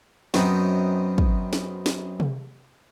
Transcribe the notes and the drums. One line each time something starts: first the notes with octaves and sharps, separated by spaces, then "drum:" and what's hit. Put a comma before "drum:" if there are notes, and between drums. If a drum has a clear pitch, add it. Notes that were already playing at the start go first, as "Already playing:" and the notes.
F#2 B3 C4 D#4, drum: snare
drum: kick
drum: snare
drum: snare
drum: tom C3